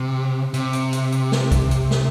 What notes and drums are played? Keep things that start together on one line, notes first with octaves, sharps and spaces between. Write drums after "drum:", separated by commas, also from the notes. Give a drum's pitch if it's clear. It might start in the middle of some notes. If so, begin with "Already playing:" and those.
Already playing: C3
C3, drum: hi-hat
drum: hi-hat
drum: hi-hat
drum: hi-hat
drum: snare
drum: kick B1, hi-hat
drum: hi-hat
drum: snare